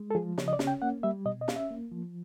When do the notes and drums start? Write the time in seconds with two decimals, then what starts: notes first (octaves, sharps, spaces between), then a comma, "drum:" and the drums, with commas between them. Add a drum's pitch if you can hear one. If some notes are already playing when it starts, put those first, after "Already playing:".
Already playing: G#3
0.11 A4
0.15 F3 G#4
0.38 C#3 C#5, drum: snare
0.48 D#5
0.53 D5
0.59 C#4, drum: snare
0.67 G5
0.82 A#3 F#5
1.03 G3 E5
1.25 B2 D#5
1.41 D#5
1.48 C#4 F5, drum: snare
1.56 E5
1.71 A#3
1.92 F3